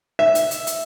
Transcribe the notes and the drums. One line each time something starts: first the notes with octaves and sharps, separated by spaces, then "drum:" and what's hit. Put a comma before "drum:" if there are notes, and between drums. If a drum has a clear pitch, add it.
E5
drum: hi-hat
drum: hi-hat
drum: hi-hat